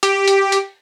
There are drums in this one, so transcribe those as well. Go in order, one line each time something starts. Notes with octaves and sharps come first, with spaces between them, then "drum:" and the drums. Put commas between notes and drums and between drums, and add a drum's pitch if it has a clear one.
G4, drum: hi-hat
drum: hi-hat
drum: hi-hat